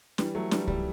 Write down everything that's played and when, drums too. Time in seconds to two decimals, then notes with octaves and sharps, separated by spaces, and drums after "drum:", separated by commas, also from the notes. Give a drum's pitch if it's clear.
0.18 E3 G3, drum: snare
0.35 F#3 A3
0.51 E3 G3, drum: snare
0.67 E3 G3, drum: kick C2